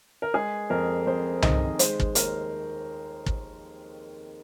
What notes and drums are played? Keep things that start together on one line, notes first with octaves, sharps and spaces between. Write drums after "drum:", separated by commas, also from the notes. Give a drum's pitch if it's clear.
A#4
G#3 G#4
F2 A#4
F2 C5
D#3 D#5, drum: tom C2
G#3 C5, drum: hi-hat
drum: kick
D#2 A#4, drum: hi-hat
drum: kick